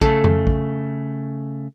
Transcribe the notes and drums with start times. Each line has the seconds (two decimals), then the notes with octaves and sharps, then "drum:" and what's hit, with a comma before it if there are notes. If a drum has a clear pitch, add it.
0.01 C#3 A3 A4, drum: kick
0.24 drum: tom F2
0.47 drum: kick